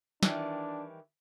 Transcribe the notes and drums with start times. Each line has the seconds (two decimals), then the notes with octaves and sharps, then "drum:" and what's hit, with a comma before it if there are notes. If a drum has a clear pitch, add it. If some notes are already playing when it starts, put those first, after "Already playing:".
0.23 D#3 E3 G3 D4, drum: snare